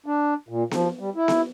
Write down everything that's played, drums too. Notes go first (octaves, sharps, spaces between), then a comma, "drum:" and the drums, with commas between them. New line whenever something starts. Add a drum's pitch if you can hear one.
D4
A#2
F3, drum: snare B3
G3
E4
drum: snare B3